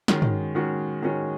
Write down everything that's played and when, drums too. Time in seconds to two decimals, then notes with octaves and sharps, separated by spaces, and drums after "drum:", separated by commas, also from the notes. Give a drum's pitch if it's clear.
0.08 D#3 G#3 C#4 F#4, drum: snare
0.22 drum: tom
0.55 D#3 G#3 C#4 F#4
1.02 D#3 G#3 C#4 F#4